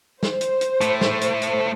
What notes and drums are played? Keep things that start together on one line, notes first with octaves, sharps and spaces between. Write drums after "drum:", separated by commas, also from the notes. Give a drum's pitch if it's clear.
C5, drum: snare
drum: hi-hat
drum: hi-hat
A2 A3, drum: hi-hat
drum: snare
drum: hi-hat
drum: hi-hat